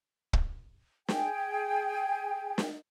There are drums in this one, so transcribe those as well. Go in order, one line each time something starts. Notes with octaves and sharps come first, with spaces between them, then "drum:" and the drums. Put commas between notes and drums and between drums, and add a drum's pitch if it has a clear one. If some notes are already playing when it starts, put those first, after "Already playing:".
drum: kick
G#4 G5, drum: snare
drum: snare